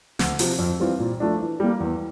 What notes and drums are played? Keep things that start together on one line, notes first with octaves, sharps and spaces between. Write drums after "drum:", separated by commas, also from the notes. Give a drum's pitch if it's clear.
D2, drum: snare
C3 F3 C4 G4, drum: open hi-hat
F2
E3 G3 C4 F4
A#2
F3 A3 D4
E3
G3 A#3
E2